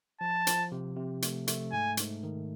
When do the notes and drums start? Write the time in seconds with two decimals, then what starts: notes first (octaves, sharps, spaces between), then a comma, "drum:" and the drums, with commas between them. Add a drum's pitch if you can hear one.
0.21 F3 A5
0.47 F3, drum: hi-hat
0.72 C3
0.96 C3
1.22 A3, drum: hi-hat
1.48 A3, drum: hi-hat
1.72 G#2 G#5
1.97 G#2, drum: hi-hat
2.23 D#3